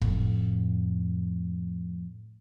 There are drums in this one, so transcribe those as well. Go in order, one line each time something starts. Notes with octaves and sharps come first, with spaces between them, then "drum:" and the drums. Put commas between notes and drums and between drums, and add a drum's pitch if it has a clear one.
F2 A2, drum: kick